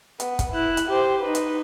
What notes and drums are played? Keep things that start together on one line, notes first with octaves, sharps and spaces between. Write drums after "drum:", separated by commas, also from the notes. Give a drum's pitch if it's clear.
B3, drum: hi-hat
drum: kick, hi-hat
E4 F#6
drum: hi-hat
G4 C5
D#4 B4
drum: hi-hat